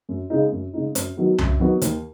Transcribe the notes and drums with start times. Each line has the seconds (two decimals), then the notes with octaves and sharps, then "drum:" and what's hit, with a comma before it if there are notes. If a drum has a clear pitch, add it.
0.09 F#2
0.30 C#3 G#3 D#4
0.52 F#2
0.74 C#3 G#3 D#4
0.95 F#2, drum: hi-hat
1.17 D#3 F#3 B3 F#4
1.38 F#2, drum: tom C2
1.60 D#3 F#3 B3 F#4
1.82 D#2, drum: hi-hat